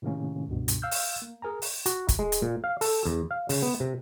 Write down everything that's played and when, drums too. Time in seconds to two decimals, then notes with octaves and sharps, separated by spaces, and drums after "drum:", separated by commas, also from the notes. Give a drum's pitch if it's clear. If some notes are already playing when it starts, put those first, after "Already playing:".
0.02 A2 C3 D#3 G#3 A#3 C#4
0.48 C#2 G2 B2
0.68 drum: hi-hat
0.82 F5 E6 F6 G6
0.91 drum: open hi-hat
1.22 A#3
1.42 G#4 A#4 G#5 A#5
1.62 drum: open hi-hat
1.86 F#4, drum: hi-hat
2.09 drum: kick, hi-hat
2.19 G#3
2.32 drum: hi-hat
2.42 A#2
2.64 F5
2.81 A4, drum: open hi-hat
3.05 E2
3.31 F5
3.49 C#3, drum: open hi-hat
3.62 B3
3.80 C3